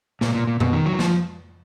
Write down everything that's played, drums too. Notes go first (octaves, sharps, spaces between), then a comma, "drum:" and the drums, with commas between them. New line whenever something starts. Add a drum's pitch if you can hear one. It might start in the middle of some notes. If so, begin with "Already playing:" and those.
A#2, drum: snare
A#2
A#2
B2, drum: tom F2
D#3
F#3
D#3
F3, drum: snare